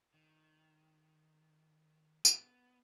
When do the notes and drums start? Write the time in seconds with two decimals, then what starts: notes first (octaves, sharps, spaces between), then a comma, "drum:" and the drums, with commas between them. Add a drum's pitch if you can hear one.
0.14 D#3
2.25 B3, drum: tambourine